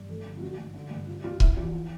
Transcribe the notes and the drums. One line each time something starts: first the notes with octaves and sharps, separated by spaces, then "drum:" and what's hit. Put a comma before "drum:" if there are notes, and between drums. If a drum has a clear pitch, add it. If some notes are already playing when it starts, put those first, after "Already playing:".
Already playing: G2
F1 A4
D3
F4
A#1 F#4
G#2
D3
G2
C3 F4
C2 F4
F3 E4, drum: kick C#1
E2 F4
F3